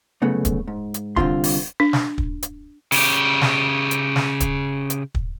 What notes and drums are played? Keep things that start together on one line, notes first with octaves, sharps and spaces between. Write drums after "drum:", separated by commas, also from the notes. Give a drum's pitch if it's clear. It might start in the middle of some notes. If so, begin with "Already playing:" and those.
C2 F#2 C#3 A3 B3
drum: kick, hi-hat
G#2
drum: hi-hat
C2 G2 D3 C4 F4 C6, drum: kick
drum: open hi-hat
D4
drum: snare
drum: kick
drum: hi-hat
C#3 G4, drum: open hi-hat
drum: snare
drum: hi-hat
drum: snare
drum: kick, hi-hat
drum: hi-hat
drum: kick